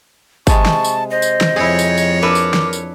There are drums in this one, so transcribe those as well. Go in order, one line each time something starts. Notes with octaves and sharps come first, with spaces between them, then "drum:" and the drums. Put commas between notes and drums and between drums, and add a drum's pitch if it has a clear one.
C3 G#3 A5 C#6, drum: kick G1, tambourine
drum: snare
drum: tambourine
C5 D#5
drum: tambourine
drum: snare
F2 E4 G#4 C#5
drum: tambourine
drum: tambourine
D4 A#4 B4 E5 D6
drum: tambourine
drum: snare
drum: tambourine